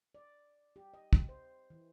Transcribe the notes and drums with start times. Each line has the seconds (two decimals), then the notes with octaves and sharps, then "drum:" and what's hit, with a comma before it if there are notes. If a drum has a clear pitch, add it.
0.15 D5
0.76 G4
0.94 D#5
1.13 drum: kick
1.29 C5
1.70 E3